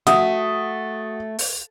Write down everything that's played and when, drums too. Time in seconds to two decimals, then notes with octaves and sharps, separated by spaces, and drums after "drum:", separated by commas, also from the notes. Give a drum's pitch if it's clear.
0.07 A3 F#4 D#6, drum: hi-hat
1.39 drum: open hi-hat